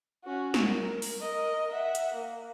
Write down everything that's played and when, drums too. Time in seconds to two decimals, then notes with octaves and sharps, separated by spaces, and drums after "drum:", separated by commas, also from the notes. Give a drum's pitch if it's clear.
0.24 C#4 F#4
0.54 drum: snare
0.65 A#4
1.02 drum: open hi-hat
1.20 A#4 D#5
1.72 E5 F#5
1.95 drum: hi-hat
2.14 A#3